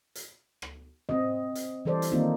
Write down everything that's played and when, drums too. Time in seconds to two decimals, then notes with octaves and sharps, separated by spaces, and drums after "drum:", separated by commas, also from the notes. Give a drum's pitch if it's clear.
0.15 drum: hi-hat
0.62 drum: rim click
1.09 C4 D#5, drum: tom
1.55 drum: hi-hat
1.85 E3 G3 A4 C5 D5
2.02 drum: hi-hat
2.12 D#3 A#3 C4 D#4 F4